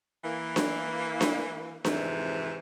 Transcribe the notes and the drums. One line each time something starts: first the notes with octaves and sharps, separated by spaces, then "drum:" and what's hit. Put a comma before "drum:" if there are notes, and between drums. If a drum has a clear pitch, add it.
E3 A#3
drum: snare D4
drum: snare D4
F2 G#2 C3 E3, drum: snare D4